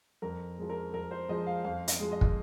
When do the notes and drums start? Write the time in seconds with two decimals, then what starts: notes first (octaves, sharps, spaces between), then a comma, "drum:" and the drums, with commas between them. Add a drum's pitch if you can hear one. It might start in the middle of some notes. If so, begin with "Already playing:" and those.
0.22 F2 A#4
0.58 F3 G#3
0.70 A#4
0.93 F2 A#4
1.11 C5
1.28 F3 G#3 D#5
1.47 F5
1.64 F2 F5
1.88 D#5, drum: hi-hat
1.99 F3 G#3
2.12 D#5
2.21 drum: kick